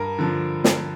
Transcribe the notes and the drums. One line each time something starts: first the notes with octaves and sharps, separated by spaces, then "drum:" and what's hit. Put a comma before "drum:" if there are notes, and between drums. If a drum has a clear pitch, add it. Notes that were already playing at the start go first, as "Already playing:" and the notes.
Already playing: G2 A#4
D3 F3
drum: snare